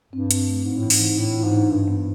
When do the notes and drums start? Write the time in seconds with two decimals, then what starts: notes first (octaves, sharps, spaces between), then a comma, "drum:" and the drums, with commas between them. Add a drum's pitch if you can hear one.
0.13 G2 C4
0.31 C4, drum: hi-hat
0.48 A3
0.66 G#2 C4
0.78 A2
0.83 E3
0.90 G#2, drum: open hi-hat
1.00 E3
1.18 A2 D4
1.35 F4
1.44 G#2
1.52 D4
1.70 G2 D4
1.88 B3